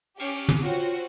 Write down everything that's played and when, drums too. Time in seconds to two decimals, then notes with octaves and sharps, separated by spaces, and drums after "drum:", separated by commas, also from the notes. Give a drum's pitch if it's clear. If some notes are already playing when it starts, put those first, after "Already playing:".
0.19 C#4 G4, drum: cymbal
0.49 drum: tom
0.62 F4 F#4 C5 C#5 G5